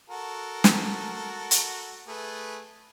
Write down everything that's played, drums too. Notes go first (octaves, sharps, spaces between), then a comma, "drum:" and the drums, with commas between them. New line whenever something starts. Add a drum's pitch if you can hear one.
F#4 A4 A#4
drum: snare
drum: hi-hat
A3 G#4 B4